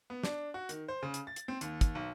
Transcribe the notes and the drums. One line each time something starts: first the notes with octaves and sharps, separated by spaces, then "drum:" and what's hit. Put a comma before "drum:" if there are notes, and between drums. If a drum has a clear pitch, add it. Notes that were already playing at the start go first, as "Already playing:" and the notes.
B3
D4, drum: snare
F#4
D#3, drum: hi-hat
C5
C#3
drum: hi-hat
A6
drum: hi-hat
C4
D#2, drum: hi-hat
drum: kick, hi-hat
B1